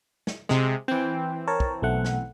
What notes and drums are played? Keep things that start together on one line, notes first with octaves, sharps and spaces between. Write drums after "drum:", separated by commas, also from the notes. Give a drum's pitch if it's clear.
drum: snare
C3 G#3, drum: snare
E3 C4 G5
A#4 C#5 A5
drum: kick
B1 A3 F#5
drum: snare